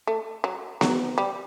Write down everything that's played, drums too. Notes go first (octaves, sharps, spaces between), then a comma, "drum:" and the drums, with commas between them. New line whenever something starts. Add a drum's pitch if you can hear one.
A3
F#3
F#3, drum: snare B3
G3